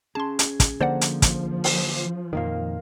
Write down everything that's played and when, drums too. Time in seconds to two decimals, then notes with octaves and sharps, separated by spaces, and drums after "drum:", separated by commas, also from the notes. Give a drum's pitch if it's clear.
0.15 C#4 G#4 A5 C6
0.39 drum: hi-hat
0.60 drum: kick, hi-hat
0.81 D3 F3 A#3 C5 D5 F#5
1.01 drum: hi-hat
1.22 drum: kick, hi-hat
1.64 drum: open hi-hat
2.33 F2 A#2 D#3 A#4 F5